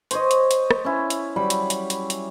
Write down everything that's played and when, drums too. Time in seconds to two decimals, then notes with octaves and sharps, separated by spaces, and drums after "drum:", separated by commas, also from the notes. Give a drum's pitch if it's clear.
0.11 C5 C#5 D#5, drum: hi-hat
0.31 drum: hi-hat
0.51 drum: hi-hat
0.71 drum: rim click
0.85 C#4 E4
1.10 drum: hi-hat
1.36 F#3 G3 B5
1.50 drum: hi-hat
1.70 drum: hi-hat
1.90 drum: hi-hat
2.10 drum: hi-hat